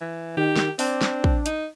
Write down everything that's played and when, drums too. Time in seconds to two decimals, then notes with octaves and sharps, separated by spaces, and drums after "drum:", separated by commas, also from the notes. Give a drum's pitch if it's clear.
0.01 E3
0.37 D#3 G4
0.56 drum: snare
0.79 C4 D4, drum: open hi-hat
1.01 drum: snare
1.24 drum: kick
1.46 D#4, drum: hi-hat